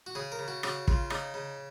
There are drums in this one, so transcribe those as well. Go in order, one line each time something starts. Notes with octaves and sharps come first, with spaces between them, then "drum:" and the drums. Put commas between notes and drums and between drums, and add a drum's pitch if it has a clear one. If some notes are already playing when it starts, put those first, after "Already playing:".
F#4
C#3 G#4
A#4
C#3
F#4
C#3 F#4, drum: rim click
C#3 F4, drum: kick
C#3 D#4, drum: rim click
C#3